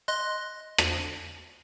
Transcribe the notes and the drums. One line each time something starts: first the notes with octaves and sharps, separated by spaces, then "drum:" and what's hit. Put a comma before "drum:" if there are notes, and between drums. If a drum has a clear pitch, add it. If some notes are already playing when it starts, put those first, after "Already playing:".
D#5 C6 F#6
drum: rim click